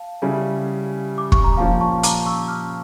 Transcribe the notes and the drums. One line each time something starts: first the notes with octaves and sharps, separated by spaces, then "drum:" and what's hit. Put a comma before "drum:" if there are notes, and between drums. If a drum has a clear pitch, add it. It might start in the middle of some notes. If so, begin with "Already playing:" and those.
Already playing: F5 A5
C#3 G3 C#4 E4
D6
C#6, drum: kick
A#5
A#2 F3 C#4 F5 A5
A5 C#6
A#5 D6, drum: hi-hat
C#6 E6
D6 F6